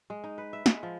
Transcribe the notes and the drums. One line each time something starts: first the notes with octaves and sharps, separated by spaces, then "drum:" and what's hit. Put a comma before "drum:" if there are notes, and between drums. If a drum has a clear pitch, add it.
G#3
D#4
B4
E5
G#3, drum: snare
F3